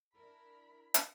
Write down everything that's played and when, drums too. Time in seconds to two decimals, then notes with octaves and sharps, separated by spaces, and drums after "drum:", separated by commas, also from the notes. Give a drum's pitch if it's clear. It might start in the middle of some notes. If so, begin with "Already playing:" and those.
0.14 D4 E4 A#4 B5
0.94 drum: hi-hat